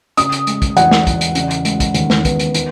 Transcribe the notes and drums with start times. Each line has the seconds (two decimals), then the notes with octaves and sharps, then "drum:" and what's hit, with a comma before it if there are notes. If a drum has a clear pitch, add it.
0.17 C#3 D#6, drum: hi-hat
0.32 drum: hi-hat
0.47 G#3, drum: hi-hat
0.62 drum: kick, hi-hat
0.77 E2 F#5, drum: hi-hat
0.91 drum: snare
1.07 E2, drum: kick, hi-hat
1.21 drum: hi-hat
1.35 C#3, drum: hi-hat
1.51 drum: hi-hat
1.65 G#3, drum: hi-hat
1.80 drum: kick, hi-hat
1.94 D#2, drum: hi-hat
2.10 drum: snare
2.25 B3, drum: kick, hi-hat
2.39 drum: hi-hat
2.54 D#3, drum: hi-hat